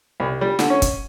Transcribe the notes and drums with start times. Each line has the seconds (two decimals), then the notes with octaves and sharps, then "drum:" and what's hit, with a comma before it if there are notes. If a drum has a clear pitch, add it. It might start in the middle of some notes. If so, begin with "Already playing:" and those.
0.20 C2
0.41 G3
0.59 D3, drum: snare
0.70 C#4
0.82 drum: kick, hi-hat